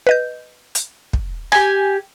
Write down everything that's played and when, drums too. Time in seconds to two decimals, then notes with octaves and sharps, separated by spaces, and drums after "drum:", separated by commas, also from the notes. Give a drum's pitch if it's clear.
0.07 B4 D#5 G6
0.75 drum: hi-hat
1.13 drum: kick
1.52 G4 G#5, drum: rim click